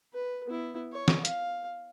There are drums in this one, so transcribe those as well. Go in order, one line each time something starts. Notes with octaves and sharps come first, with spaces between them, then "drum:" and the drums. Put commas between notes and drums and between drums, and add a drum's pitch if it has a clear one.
B4
B3 E4
C#5
drum: snare
F5, drum: hi-hat